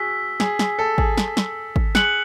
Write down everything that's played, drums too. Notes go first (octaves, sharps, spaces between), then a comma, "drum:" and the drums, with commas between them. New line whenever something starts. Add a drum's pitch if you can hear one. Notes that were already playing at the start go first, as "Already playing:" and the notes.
Already playing: F#4 G#4 E6 B6
G#4, drum: snare
G#4, drum: snare
A4
G#4, drum: kick G#1
drum: snare
drum: snare
drum: kick G#1
G#4 F#6 C#7 F#7, drum: snare